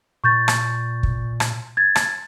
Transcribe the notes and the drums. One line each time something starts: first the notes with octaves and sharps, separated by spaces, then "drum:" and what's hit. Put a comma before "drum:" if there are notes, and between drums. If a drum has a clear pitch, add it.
A#2 C#6 G6 A6
drum: rim click
drum: kick
drum: rim click
G#6 A6
drum: rim click